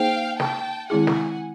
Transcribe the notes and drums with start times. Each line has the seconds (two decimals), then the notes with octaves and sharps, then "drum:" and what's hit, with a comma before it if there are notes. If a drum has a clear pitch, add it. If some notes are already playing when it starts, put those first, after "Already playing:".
Already playing: A#3 D#4 G#4 C5 F5 G5
0.40 G5 A5, drum: snare
0.90 D#3 G#3 C4 E4 G#4 F#5 G#5
1.07 drum: snare